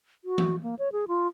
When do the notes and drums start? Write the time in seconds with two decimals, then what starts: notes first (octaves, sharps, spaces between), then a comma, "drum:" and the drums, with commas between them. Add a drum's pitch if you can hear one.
0.25 F#4
0.38 drum: tom E3
0.63 A#3
0.79 C#5
0.92 G#4
1.08 F4